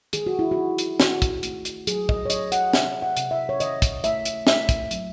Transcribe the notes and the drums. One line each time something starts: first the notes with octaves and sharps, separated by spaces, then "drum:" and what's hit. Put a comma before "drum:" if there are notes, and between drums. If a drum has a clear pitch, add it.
D#3 G#4, drum: hi-hat
F#4
E4
F#4
D#4
drum: hi-hat
D#3 F#4, drum: snare
drum: kick, hi-hat
A3, drum: hi-hat
drum: hi-hat
F#3 G#4, drum: hi-hat
D#5, drum: kick
C#5
F#3 D#5, drum: hi-hat
F#5, drum: hi-hat
C3 E5, drum: snare
F#5
C3, drum: hi-hat
E5
C#5
D#3 D#5, drum: hi-hat
drum: kick, hi-hat
A3 E5, drum: hi-hat
drum: hi-hat
A3 E5, drum: snare
drum: kick, hi-hat
F#3, drum: hi-hat